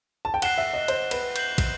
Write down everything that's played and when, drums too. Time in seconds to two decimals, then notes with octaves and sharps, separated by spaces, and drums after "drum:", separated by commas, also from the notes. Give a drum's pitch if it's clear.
0.25 A5
0.34 G5
0.42 F#5 F#6 C7 E7 G7, drum: cymbal
0.58 E5
0.73 D#5
0.88 C5, drum: cymbal
1.11 B4, drum: cymbal
1.36 G6 C7 F#7, drum: cymbal
1.58 drum: kick, cymbal